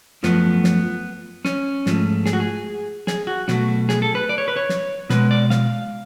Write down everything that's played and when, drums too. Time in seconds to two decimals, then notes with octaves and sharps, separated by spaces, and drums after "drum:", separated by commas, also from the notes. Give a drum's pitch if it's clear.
0.23 F#2 F3 A3 B3, drum: snare
0.64 drum: snare
1.45 C#4, drum: snare
1.86 G#2 F3 A3, drum: snare
2.26 G#4, drum: snare
2.33 F#4
2.40 G#4
3.07 G#4, drum: snare
3.27 F#4
3.48 B2 F#3 A3 F#4, drum: snare
3.89 G#4, drum: snare
4.02 A4
4.15 B4
4.29 D5
4.38 C#5
4.48 B4
4.57 C#5
4.69 drum: snare
5.10 B2 G#3 B4, drum: snare
5.31 D5
5.50 F5, drum: snare